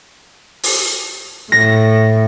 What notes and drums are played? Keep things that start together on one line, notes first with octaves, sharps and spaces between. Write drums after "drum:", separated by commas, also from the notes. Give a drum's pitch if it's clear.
drum: open hi-hat
A2 A#6